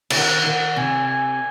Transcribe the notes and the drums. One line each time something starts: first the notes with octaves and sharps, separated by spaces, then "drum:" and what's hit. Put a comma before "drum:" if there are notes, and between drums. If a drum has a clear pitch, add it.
C#3, drum: cymbal
D#3 F#5
D#3
C3 G#5
G#5